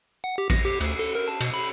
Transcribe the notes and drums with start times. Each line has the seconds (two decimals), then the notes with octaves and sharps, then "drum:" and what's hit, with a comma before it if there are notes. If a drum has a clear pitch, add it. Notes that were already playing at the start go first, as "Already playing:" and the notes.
0.24 F#5
0.38 G4
0.50 A#6, drum: kick A1, cymbal
0.65 G4
0.80 D2, drum: cymbal
0.99 A4
1.15 A#4
1.28 A5
1.40 B2, drum: cymbal
1.54 B5